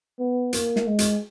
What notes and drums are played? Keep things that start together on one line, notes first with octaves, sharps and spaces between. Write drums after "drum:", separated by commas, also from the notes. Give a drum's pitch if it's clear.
B3
A#3, drum: hi-hat
drum: snare
G#3
drum: hi-hat